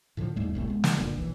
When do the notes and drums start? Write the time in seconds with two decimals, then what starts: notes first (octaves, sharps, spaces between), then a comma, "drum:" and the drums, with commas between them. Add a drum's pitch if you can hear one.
0.17 A2 D3 E3 F3
0.36 E2 G#2 G3 A3
0.54 E1 C2 A2 A3
0.68 G#3 B3
0.84 drum: snare
0.97 F#1 A#2 D3
1.17 B1 E3